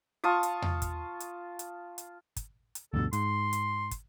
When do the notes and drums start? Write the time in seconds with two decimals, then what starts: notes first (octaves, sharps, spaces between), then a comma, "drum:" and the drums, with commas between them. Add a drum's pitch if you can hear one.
0.24 F4 A5 C#6 D#6
0.43 drum: hi-hat
0.62 drum: tom E2
0.82 drum: kick, hi-hat
1.20 drum: hi-hat
1.59 drum: hi-hat
1.98 drum: hi-hat
2.36 drum: kick, hi-hat
2.75 drum: hi-hat
2.94 D2 G2 B2 A4
3.13 G#2 C6, drum: hi-hat
3.53 drum: hi-hat
3.91 drum: kick, hi-hat